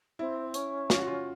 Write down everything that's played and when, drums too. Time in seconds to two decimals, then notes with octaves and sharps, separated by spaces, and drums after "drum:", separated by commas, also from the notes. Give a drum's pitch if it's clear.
0.19 C4 E4
0.54 C#4, drum: hi-hat
0.90 F4, drum: snare
0.98 F#4
1.07 F4